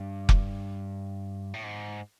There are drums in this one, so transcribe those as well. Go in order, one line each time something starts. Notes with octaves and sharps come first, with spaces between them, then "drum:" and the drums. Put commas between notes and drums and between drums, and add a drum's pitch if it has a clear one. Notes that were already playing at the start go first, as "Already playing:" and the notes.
Already playing: G2
drum: kick F1
A2
G#2